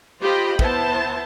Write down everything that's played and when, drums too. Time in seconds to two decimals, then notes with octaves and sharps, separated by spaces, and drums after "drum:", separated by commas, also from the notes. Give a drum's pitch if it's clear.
0.21 F4 G4 C5 D#5 G5 B5
0.59 B3 E4 C5 A5, drum: kick